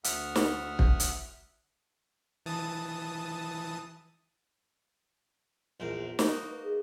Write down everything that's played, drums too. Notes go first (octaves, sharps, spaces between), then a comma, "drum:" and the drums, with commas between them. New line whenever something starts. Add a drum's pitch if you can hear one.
D2 E5 F#5 D#6 F6, drum: hi-hat
drum: snare
drum: kick
drum: hi-hat
E3 A5 D#6
A#1 E2 A#4 C5
A#3 D#4 F#4 D#5, drum: snare
B4
G#4